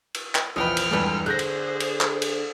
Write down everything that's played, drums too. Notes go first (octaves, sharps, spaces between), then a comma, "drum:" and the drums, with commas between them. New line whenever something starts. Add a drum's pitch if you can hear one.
drum: cymbal
drum: clap
A#1 E2 C3 F3 B4 D#5 G5 F6
drum: cymbal
F1 E2 G2 G#3 A4 B4
D3 G#4 C5 F#6 G6 A#6
drum: cymbal
drum: cymbal
drum: clap
drum: cymbal